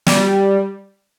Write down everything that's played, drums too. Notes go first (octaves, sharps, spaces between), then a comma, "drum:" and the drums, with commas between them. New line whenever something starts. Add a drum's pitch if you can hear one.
G3, drum: snare